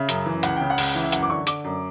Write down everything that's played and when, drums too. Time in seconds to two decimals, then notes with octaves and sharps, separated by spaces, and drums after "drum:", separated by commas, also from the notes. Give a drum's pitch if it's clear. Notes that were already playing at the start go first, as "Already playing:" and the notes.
Already playing: C#3 E5
0.09 F#2, drum: hi-hat
0.26 E3
0.43 C#2 F#5, drum: hi-hat
0.56 C#3 G5
0.70 F#5
0.78 C#2, drum: open hi-hat
0.95 E3
1.03 E5
1.12 F#2 F#5, drum: hi-hat
1.23 D6
1.30 D3 C#6
1.47 D3 D6, drum: hi-hat
1.64 F#2